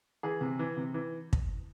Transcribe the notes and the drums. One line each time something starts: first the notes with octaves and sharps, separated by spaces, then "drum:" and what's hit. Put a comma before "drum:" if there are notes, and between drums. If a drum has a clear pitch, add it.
E3 G#4
C3
E3
C3
E3
drum: kick